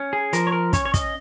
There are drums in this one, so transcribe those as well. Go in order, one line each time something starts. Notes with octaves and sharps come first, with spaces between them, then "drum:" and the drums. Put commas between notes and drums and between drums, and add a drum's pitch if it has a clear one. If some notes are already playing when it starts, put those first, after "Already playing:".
Already playing: C#4
G#4
F3 A#4, drum: hi-hat
C#5
A#4
C#4 C#5, drum: kick, hi-hat
C#5
D#5, drum: kick, hi-hat